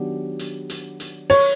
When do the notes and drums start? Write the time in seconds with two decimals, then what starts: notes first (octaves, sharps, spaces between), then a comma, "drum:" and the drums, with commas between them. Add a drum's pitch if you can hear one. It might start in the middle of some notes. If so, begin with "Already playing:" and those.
Already playing: D#3 F#3 B3 D4 G4
0.39 drum: hi-hat
0.70 drum: hi-hat
1.00 drum: hi-hat
1.30 C#5, drum: open hi-hat